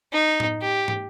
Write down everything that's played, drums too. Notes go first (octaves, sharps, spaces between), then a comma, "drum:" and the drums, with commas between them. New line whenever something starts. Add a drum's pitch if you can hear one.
D#4
drum: tom A2
G4
drum: tom